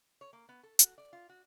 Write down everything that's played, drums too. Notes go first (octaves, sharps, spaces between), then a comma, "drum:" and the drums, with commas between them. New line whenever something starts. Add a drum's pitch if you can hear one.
C#5
A#3
B3
A4
F#4, drum: hi-hat
D5
F4
F#4